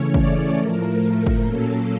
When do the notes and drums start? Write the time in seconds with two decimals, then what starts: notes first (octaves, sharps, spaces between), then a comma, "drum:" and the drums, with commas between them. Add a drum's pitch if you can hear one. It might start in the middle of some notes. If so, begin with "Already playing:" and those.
Already playing: C#3 E3 A3 C#4 C#5
0.14 D5, drum: kick
0.56 A2 F3 A3 A#4
1.27 drum: kick
1.41 A#2 F#3 A#3 C#4 A4